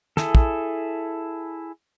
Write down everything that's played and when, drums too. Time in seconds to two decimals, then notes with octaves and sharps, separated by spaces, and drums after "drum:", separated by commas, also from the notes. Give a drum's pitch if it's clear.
0.17 E4 G#4 A4, drum: snare
0.35 drum: kick